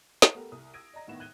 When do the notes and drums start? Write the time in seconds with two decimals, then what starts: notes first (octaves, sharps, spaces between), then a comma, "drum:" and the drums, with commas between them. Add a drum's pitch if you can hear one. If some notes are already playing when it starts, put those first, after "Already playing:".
0.22 drum: snare
0.35 A3 B3 G4 A4 A#4
0.52 C2 D#6
0.74 D#6 E6 G#6 A#6 D7 D#7
0.93 D5 D#5 A#5 A#6
1.07 G#1 A2 D#3 B3 E7
1.20 F#6 G#6 D#7 G7